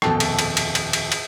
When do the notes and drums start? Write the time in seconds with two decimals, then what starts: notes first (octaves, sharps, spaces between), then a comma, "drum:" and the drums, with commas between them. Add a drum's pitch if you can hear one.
0.02 D#1 F2 B2 A4 G5, drum: rim click
0.20 drum: cymbal
0.39 drum: cymbal
0.57 drum: cymbal
0.75 drum: cymbal
0.93 drum: cymbal
1.12 drum: cymbal